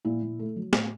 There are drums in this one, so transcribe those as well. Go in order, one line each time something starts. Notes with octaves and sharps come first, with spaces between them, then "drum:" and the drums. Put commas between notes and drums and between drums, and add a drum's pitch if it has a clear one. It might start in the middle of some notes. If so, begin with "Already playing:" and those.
A#2 E4
A#2
A3
F#3
A2, drum: snare